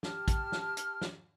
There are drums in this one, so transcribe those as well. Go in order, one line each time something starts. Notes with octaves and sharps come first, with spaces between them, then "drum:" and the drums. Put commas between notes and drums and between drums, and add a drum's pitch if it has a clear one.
G4 A5 F6, drum: snare
drum: kick, hi-hat
drum: snare
drum: hi-hat
drum: snare